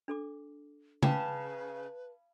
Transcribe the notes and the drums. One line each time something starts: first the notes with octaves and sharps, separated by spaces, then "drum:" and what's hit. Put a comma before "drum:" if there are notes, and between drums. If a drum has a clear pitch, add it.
D4 A4 D6
C#3 B4 G5 A5, drum: tom C#3